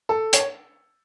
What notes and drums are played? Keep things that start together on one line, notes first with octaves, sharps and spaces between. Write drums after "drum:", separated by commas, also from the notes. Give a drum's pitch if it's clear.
A4
C#5, drum: hi-hat